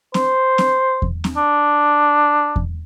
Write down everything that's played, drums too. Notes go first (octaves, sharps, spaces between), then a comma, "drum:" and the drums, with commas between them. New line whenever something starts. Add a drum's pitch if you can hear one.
C5, drum: snare C4
drum: snare C4
drum: kick E2
drum: snare C4
D4
drum: kick E2